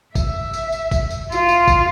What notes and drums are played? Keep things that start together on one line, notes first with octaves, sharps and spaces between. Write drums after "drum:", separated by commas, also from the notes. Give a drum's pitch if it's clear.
E5, drum: kick G#1, tambourine
drum: tambourine
drum: tambourine
drum: kick G#1, tambourine
drum: tambourine
F4, drum: tambourine
drum: tambourine
drum: kick G#1, tambourine